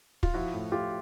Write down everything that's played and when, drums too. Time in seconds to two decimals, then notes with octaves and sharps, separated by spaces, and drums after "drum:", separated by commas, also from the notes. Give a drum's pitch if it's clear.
0.23 F4, drum: kick
0.34 F3 E4 F#4
0.54 A2
0.72 A2 F4 G4